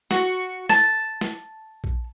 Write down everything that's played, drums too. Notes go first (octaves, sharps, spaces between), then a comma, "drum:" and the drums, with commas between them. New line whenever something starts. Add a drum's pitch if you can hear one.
F#4, drum: snare
A5, drum: snare
drum: snare
drum: kick A#1